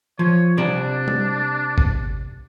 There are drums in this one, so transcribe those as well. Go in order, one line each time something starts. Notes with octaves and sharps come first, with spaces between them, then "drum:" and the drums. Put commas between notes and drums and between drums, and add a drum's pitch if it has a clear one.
F3 C#5
C3 D4 D5
drum: tom G3
drum: kick G#1